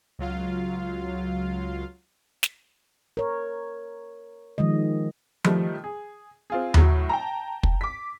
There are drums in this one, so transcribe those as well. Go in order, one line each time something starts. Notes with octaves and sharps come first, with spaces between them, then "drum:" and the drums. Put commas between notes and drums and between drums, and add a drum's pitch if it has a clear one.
C#2 F#3 F4 F5
drum: snare
A#4 C#5
D#3 F3 G#3 D#5
D#3 F3 G3 A3, drum: tom F3
G#4
C4 F4 G#4
A2 F#3, drum: tom D#2
G5 A5 A#5
drum: kick
D6 B6